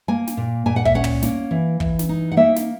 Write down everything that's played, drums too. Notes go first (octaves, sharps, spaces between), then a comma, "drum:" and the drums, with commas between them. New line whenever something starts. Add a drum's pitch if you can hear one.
A#3 G#5
drum: snare
A#2
A#2 G#5
F#5
E5, drum: kick
C#4 F#5
drum: tom
A#3, drum: snare
E3
E3, drum: kick
drum: snare
D#4
F#5
A#3 E5
drum: snare